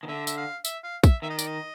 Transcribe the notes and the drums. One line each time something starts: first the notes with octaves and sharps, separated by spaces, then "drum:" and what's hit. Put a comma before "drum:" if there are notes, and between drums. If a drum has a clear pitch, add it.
D#3
D3 E5
E5, drum: tambourine
F5
E5, drum: tambourine
F5
E5, drum: kick, tambourine
D#3 E5
D#5
D5, drum: tambourine
D#5